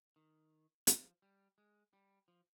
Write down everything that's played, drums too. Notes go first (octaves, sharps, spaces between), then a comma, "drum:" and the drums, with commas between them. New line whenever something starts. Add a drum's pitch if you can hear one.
D#3
F3, drum: hi-hat
G3
G#3
G3
F3